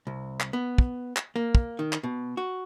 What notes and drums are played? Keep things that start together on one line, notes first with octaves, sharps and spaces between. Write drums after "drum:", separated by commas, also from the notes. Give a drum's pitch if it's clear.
C2
drum: clap
B3
drum: kick
drum: clap
A#3
drum: kick
D#3
drum: clap
B2
F#4